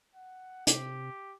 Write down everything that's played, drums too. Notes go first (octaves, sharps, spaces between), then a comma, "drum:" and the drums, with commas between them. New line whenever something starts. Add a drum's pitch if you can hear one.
F#5
C3 G4, drum: hi-hat